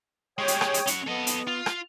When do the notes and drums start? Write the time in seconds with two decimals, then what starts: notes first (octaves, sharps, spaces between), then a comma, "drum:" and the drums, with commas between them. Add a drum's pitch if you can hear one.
0.38 G#3 G4 C#5 G5 D#6
0.48 drum: hi-hat
0.61 drum: rim click
0.74 drum: hi-hat
0.87 C#4 F#5, drum: hi-hat
1.08 B3 A4 D#5
1.27 drum: hi-hat
1.47 F4
1.66 drum: rim click